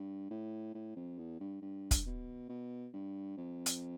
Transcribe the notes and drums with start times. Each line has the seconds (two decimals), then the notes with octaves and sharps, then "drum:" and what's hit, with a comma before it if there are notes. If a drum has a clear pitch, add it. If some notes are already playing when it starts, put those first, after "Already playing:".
Already playing: G2
0.30 A2
0.74 A2
0.96 F2
1.18 E2
1.40 G2
1.62 G2
1.91 drum: kick, hi-hat
2.06 B2
2.49 B2
2.93 G2
3.37 F2
3.66 drum: hi-hat